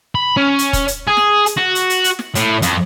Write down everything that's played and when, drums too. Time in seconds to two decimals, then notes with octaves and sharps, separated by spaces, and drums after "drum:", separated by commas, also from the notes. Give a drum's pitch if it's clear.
0.15 B5
0.37 C#4
0.59 drum: hi-hat
0.73 drum: kick, hi-hat
0.88 drum: hi-hat
1.07 G#4
1.17 drum: snare
1.46 drum: hi-hat
1.57 F#4
1.75 drum: hi-hat
1.90 drum: hi-hat
2.04 drum: hi-hat
2.19 drum: snare
2.35 A2, drum: hi-hat
2.62 F2, drum: hi-hat